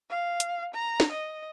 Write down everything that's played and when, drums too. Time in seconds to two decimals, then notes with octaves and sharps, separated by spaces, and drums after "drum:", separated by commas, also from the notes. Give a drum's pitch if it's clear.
0.10 F5
0.40 drum: hi-hat
0.75 A#5
1.00 drum: snare
1.12 D#5